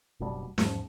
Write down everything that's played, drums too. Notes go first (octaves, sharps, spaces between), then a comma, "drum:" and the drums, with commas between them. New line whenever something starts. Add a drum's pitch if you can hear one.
F#1 B2 G3 D4
E2 G#2 F3, drum: snare